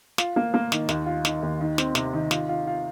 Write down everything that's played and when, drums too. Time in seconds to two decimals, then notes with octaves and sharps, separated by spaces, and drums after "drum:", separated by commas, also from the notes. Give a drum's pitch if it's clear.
0.18 F4, drum: snare
0.36 A#3
0.54 A#3
0.72 D#3, drum: snare
0.89 D#2, drum: snare
1.06 F4
1.25 D#3, drum: snare
1.43 D#2
1.61 D#3
1.78 C4, drum: snare
1.95 C3, drum: snare
2.13 D#3
2.31 F4, drum: snare
2.49 F4
2.67 F4